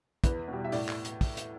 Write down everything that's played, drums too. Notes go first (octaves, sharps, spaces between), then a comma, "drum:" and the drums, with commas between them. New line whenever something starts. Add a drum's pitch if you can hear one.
E2 B4, drum: kick, hi-hat
B2 G3
E5
A2 D5, drum: open hi-hat
drum: clap
drum: hi-hat
drum: kick, open hi-hat
drum: hi-hat